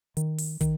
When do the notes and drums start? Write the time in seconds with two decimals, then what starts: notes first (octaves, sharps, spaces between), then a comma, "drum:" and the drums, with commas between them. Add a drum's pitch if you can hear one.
0.17 D#3, drum: hi-hat
0.38 drum: open hi-hat
0.61 D#3, drum: kick, hi-hat